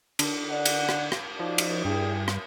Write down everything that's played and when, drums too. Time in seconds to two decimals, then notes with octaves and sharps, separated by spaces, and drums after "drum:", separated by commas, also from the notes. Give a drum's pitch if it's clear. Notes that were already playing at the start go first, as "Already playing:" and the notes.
0.19 D3, drum: cymbal
0.49 D5 F#5
0.65 drum: cymbal
0.89 drum: rim click
1.12 drum: rim click
1.40 F3 D#4 F#4 D5
1.58 drum: cymbal
1.85 G2 E4 G#4 G5
2.28 drum: rim click